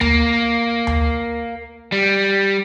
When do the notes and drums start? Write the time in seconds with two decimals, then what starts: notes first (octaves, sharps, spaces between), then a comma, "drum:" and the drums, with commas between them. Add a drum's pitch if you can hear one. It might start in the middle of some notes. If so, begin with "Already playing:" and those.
0.01 A#3, drum: tom D2
0.87 drum: tom D2
1.92 G3